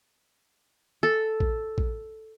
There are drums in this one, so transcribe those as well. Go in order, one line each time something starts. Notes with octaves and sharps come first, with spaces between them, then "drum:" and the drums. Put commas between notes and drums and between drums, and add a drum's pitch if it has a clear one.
A4
drum: kick A#1
drum: kick A#1